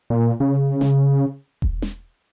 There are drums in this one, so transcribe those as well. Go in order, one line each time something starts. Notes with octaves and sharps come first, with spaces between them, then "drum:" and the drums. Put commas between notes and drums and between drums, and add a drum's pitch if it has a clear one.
A#2
C#3
drum: snare
drum: kick E1
drum: snare